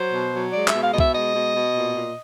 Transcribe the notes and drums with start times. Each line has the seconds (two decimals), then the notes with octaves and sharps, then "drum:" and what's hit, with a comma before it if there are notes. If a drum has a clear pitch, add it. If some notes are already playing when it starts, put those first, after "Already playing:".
Already playing: F#3 C5
0.12 B2
0.32 F#3
0.53 G#3 D5
0.68 E5, drum: clap
0.73 B2
0.83 F5
0.92 B2 D#5
0.98 E5, drum: kick
1.13 G#3 D#5
1.34 B2
1.54 B2
1.74 A#2
1.94 A#2